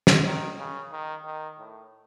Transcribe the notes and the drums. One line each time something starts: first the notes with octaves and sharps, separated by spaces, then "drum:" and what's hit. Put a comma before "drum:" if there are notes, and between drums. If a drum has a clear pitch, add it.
drum: snare
D#3
C#3
D#3
D#3
A2